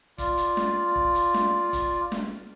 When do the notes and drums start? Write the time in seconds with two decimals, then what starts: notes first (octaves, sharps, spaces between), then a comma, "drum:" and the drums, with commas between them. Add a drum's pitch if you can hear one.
0.18 F4 D5, drum: kick, hi-hat
0.38 drum: hi-hat
0.57 drum: snare
0.96 drum: kick
1.15 drum: hi-hat
1.34 drum: snare
1.73 drum: kick, hi-hat
2.12 drum: snare